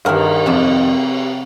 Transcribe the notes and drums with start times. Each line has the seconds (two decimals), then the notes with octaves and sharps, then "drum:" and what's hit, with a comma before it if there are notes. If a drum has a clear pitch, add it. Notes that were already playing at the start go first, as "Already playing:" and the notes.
0.05 G2 D#3 A#4, drum: cymbal
0.46 F2 C3 D#3